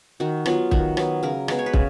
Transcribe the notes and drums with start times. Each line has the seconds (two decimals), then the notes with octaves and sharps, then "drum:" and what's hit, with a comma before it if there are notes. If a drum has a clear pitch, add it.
0.20 D#3 F#4
0.46 F#3 B3 F4, drum: rim click
0.71 D#3 F#4, drum: kick
0.97 F#3 B3, drum: rim click
1.23 C#3 A#4
1.48 G#3 B3, drum: rim click
1.59 C#5
1.66 B4
1.74 C#3, drum: kick